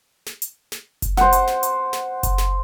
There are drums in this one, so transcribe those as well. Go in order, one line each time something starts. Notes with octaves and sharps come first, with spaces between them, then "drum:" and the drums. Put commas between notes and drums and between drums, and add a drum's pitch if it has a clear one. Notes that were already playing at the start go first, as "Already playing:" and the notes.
drum: snare
drum: hi-hat
drum: snare
drum: kick F#1, hi-hat
C5 F#5, drum: snare
drum: hi-hat
drum: snare
drum: hi-hat
drum: snare
drum: kick F#1, hi-hat
drum: snare